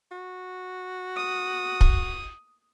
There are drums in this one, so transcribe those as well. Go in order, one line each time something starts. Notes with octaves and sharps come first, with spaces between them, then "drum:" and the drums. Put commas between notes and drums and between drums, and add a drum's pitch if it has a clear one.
F#4
D#6
drum: kick